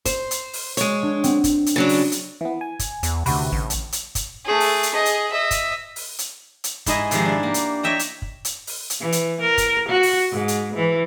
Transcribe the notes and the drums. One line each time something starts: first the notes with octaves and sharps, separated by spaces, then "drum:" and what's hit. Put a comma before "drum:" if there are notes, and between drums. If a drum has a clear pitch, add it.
C5, drum: kick, hi-hat
drum: hi-hat
drum: open hi-hat
G#3 C#5, drum: hi-hat
D4
C4, drum: hi-hat
drum: kick, hi-hat
drum: hi-hat
C#3 F#3 D4
drum: open hi-hat
drum: hi-hat
E3 B3
G#5
drum: kick, hi-hat
E2, drum: hi-hat
D2 C3 F#4 B4, drum: open hi-hat
A1
drum: hi-hat
drum: hi-hat
drum: kick, hi-hat
A3 G#4
drum: open hi-hat
drum: hi-hat
G#4 D#5
drum: hi-hat
D#5 E5
drum: kick, hi-hat
drum: open hi-hat
drum: hi-hat
drum: hi-hat
G#2 E4 G#4 D#5 E5, drum: kick, hi-hat
C3 D#3 F3 G#3, drum: hi-hat
D4 E4
A#3 G4
drum: hi-hat
C#5 D#5 E5 G5 A#5
drum: hi-hat
drum: kick
drum: hi-hat
drum: open hi-hat
drum: hi-hat
E3
drum: hi-hat
A#4
drum: kick, hi-hat
F#4
drum: open hi-hat
G#2
drum: hi-hat
E3